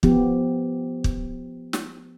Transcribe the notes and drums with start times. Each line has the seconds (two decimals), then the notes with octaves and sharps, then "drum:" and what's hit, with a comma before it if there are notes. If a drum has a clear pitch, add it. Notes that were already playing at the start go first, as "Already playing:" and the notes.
0.03 F3 B3 G4, drum: kick
1.04 drum: kick
1.73 drum: snare